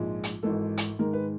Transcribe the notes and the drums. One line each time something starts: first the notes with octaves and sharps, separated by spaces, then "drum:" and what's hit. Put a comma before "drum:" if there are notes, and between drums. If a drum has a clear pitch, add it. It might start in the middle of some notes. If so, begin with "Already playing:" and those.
Already playing: A#1 G#2 F3 G#3
drum: hi-hat
G#1 G#2 E3 A4
drum: hi-hat
G#2 D#3 G#3 A#4
B4